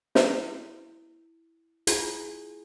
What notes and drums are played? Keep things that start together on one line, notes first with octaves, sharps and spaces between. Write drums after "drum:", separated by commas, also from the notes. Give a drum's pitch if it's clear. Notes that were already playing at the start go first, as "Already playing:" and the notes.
E4, drum: snare
E4 F4 G#4, drum: hi-hat